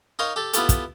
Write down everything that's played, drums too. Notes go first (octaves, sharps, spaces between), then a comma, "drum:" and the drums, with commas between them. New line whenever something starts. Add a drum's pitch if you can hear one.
D#4 A#4 C#5 F5 C6
G4 A4
B3 E4 F4 G4 A4, drum: hi-hat
drum: kick, hi-hat